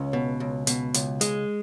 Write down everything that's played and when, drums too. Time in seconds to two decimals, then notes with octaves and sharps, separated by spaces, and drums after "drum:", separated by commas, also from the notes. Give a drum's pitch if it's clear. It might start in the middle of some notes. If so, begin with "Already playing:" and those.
Already playing: C#2 C#4
0.13 B2
0.40 C#2
0.67 B2, drum: hi-hat
0.94 C#2, drum: hi-hat
1.21 G#3, drum: hi-hat